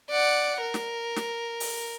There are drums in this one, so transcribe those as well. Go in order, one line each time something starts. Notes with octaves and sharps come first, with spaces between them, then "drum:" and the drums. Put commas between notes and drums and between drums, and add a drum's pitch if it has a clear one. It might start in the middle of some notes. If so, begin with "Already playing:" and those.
D5 F#5
A#4
drum: snare
drum: snare
drum: open hi-hat